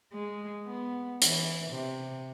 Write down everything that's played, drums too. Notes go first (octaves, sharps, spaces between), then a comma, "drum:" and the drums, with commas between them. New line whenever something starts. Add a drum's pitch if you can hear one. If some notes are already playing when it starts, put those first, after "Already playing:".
G#3
B3
E3, drum: hi-hat
C3